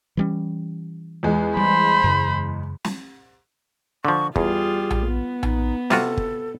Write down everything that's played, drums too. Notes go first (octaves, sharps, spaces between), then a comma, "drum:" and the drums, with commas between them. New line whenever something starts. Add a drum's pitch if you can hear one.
E3 G3 C#4
E2 G#3
G3 C5 B5
F#2 C#3
drum: snare
D3 F3 C#6
E2 G3 F4 G#4, drum: kick G1
drum: tom A#1
B3
D#4, drum: tom A#1
C3 F4 F#4 A4, drum: snare
drum: kick G1